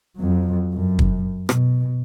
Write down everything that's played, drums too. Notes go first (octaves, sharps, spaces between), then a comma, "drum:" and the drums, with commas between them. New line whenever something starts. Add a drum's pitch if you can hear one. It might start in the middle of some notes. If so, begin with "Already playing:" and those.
F2 F#3
F#2
drum: kick
B2, drum: rim click